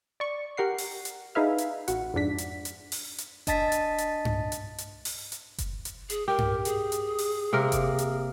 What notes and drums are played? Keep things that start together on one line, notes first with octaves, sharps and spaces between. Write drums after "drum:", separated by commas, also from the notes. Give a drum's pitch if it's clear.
D5 C#6
G4 A#4 F#5 C7
drum: open hi-hat
drum: hi-hat
D#4 G#4 B4 E5 F5
drum: hi-hat
A1 F#4 F#5, drum: hi-hat
F2 G#2 D4 B6
drum: hi-hat
drum: hi-hat
drum: open hi-hat
drum: hi-hat
D4 D#5 A5 A6 B6, drum: kick F#1, hi-hat
drum: hi-hat
drum: hi-hat
drum: tom G2
drum: hi-hat
drum: hi-hat
drum: open hi-hat
drum: hi-hat
drum: kick F#1, hi-hat
drum: hi-hat
G#4, drum: hi-hat
G4 A#4
drum: tom G2
G#4, drum: hi-hat
drum: hi-hat
drum: open hi-hat
C3 A#3 A#4
drum: kick F#1, hi-hat
drum: hi-hat